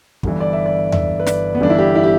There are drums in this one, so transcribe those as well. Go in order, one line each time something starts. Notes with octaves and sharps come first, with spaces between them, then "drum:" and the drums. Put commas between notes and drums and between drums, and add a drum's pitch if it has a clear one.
G1 G2 E3, drum: kick
D5
E5
D5
E5, drum: tom E2
B4
D5, drum: snare
B3
G1 G2 E3 D4
E4
G4
E4
G4